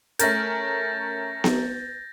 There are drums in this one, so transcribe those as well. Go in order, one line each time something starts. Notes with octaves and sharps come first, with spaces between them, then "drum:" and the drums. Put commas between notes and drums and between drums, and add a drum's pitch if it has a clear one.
A3 C#4 A#4 G6 A6 A#6, drum: hi-hat
drum: snare B3